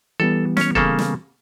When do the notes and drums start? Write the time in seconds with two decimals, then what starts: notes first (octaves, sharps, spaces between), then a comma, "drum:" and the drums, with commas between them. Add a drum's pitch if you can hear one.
0.20 E3 G3 B3 A4
0.57 C#4 C#5, drum: snare
0.75 C#3 A#3 A4, drum: kick
0.99 drum: snare